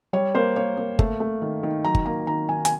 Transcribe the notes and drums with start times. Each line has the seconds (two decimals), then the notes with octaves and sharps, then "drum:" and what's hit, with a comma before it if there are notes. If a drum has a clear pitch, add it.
0.13 G3 C#5
0.35 A#3 C5
0.56 A#3 C#5
0.77 A#3
0.99 A3, drum: kick G1
1.20 A3
1.42 D#3
1.63 D#3
1.84 F#3 A#5
1.95 drum: kick G1
2.06 A#3 A#5
2.27 D#3 A#5
2.49 D#3 G#5
2.65 G#5, drum: hi-hat